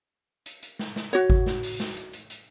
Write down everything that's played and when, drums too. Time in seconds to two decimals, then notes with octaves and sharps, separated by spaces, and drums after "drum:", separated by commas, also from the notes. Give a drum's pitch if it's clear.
0.46 drum: hi-hat
0.63 drum: hi-hat
0.79 drum: snare
0.96 drum: snare
1.13 F#4 C#5
1.30 drum: kick G#1
1.46 drum: snare
1.63 drum: open hi-hat
1.80 drum: snare
1.97 drum: hi-hat
2.13 drum: hi-hat
2.30 drum: hi-hat